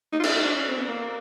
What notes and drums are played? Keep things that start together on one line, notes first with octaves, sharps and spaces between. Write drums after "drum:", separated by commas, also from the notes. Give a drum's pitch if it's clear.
D#4
F4
E4, drum: cymbal
D#4
D4
C#4
C4
B3
A#3